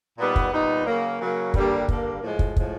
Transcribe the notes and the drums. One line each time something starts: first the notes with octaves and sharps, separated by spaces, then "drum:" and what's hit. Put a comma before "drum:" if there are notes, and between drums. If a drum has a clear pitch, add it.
A#2 G3 B3 D#4
drum: kick
A#2 G3 B3 D#4
C#3 F#3 A#3
C#3 F#3 A#3
G2 D3 G3 A#3 D4, drum: kick
G2 D3 G3 A#3 D4, drum: kick
A2 F3 G#3
drum: kick
A2 F3 G#3, drum: kick